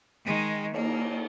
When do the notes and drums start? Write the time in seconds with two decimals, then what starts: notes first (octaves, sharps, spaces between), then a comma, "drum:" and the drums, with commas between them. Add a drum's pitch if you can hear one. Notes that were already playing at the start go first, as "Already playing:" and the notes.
0.25 D#3 G#3
0.74 A#3, drum: cymbal